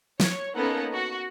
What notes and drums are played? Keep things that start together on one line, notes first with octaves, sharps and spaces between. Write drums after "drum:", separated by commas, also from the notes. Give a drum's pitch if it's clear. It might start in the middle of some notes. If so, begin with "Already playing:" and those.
C#5, drum: snare
A#3 B3 C#4 D#4 A4 F#5
F#4